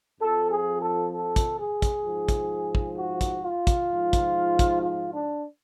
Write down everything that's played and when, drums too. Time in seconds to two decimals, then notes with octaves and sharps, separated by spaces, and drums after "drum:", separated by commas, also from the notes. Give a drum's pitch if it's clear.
0.21 F2 F3 A4
0.51 G#4
0.82 A4
1.13 A4
1.36 drum: kick, hi-hat
1.60 G#4
1.82 drum: kick, hi-hat
2.06 G#2 F3
2.29 drum: kick, hi-hat
2.75 drum: kick
2.97 F#4
3.21 drum: kick, hi-hat
3.44 F4
3.67 drum: kick, hi-hat
3.90 G#2 F3
4.13 drum: kick, hi-hat
4.59 drum: kick, hi-hat
4.82 F4
5.13 D4